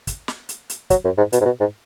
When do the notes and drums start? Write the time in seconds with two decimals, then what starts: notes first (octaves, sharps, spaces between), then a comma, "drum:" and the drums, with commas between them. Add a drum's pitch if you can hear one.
0.07 drum: kick, hi-hat
0.28 drum: snare
0.49 drum: hi-hat
0.70 drum: hi-hat
0.90 F#3, drum: kick, hi-hat
1.05 F#2
1.17 G#2
1.33 B2, drum: hi-hat
1.41 G#2
1.45 B2
1.60 G#2